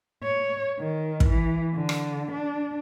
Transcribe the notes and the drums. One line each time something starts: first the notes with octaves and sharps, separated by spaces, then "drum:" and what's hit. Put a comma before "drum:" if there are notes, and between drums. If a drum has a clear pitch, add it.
C#5
D#3
drum: kick
E3
D3
drum: rim click
D4